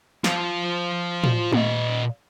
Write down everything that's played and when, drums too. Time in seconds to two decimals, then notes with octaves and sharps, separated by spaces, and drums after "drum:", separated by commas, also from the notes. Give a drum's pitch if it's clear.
0.24 F4 C5, drum: snare
1.24 drum: tom A2
1.52 A#2 D#5, drum: tom G#3